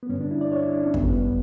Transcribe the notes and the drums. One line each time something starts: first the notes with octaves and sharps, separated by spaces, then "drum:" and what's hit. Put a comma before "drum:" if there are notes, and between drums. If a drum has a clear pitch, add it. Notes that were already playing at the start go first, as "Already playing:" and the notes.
B3
G2 D3 G3 C#4
D4
E4
D5
C#5
E4
D4
C#4
F#2 C#3 G3 B3, drum: kick